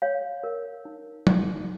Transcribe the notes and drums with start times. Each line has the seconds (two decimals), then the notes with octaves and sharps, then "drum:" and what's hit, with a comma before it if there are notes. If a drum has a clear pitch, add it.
0.02 C#5 F5
0.44 A#4
0.85 D#4
1.27 D#4, drum: tom